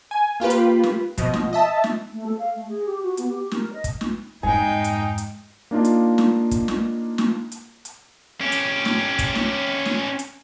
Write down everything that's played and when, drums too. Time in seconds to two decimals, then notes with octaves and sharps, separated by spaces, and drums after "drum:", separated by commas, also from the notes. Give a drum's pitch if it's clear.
0.11 G#5
0.40 A#3 F4 G4 B4
0.50 drum: hi-hat
0.83 drum: snare
1.18 B2 F3 D#5, drum: kick, hi-hat
1.34 drum: snare
1.53 D#5 E5 A5
1.84 drum: snare
2.12 A3
2.26 A4
2.39 F5
2.55 A3
2.68 G#4
2.86 G4
3.02 F#4
3.17 B3, drum: hi-hat
3.29 G4
3.51 A#4, drum: snare
3.73 D#5
3.84 drum: kick, hi-hat
4.01 drum: snare
4.43 F2 G#2 G#3 D#4 G5 G#5
4.84 drum: hi-hat
5.18 drum: hi-hat
5.71 A#3 D4 D#4 F4
5.85 drum: hi-hat
6.18 drum: snare
6.51 drum: kick, hi-hat
6.68 drum: snare
7.18 drum: snare
7.52 drum: hi-hat
7.85 drum: hi-hat
8.41 C#4 G4
8.52 drum: hi-hat
8.85 drum: snare
9.19 drum: kick, hi-hat
9.35 drum: snare
9.85 drum: snare
10.19 drum: hi-hat